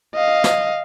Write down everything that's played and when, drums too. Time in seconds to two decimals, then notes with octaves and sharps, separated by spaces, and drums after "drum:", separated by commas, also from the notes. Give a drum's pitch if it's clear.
0.15 D#5 F5
0.44 drum: snare